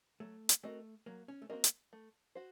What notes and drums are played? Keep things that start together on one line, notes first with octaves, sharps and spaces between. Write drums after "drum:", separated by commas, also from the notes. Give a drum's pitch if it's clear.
F#3 A3
drum: hi-hat
A3 C4 F#4 A#4 D#5
F#3 A#3
C#4
A3
A#3 C4 F#4 A#4 D#5
drum: hi-hat
A3
F#4 C5